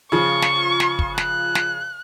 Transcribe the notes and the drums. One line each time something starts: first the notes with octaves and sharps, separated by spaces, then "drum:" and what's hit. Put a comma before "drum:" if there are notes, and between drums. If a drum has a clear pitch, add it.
C#3 F3 C#6
drum: snare
drum: snare
drum: kick
F#6, drum: snare
drum: snare